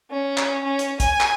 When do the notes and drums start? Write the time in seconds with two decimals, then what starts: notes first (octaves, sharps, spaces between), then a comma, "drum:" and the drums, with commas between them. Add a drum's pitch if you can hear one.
0.12 C#4
0.38 drum: clap
0.64 C#4
0.79 drum: hi-hat
1.00 G#5, drum: kick, hi-hat
1.21 drum: clap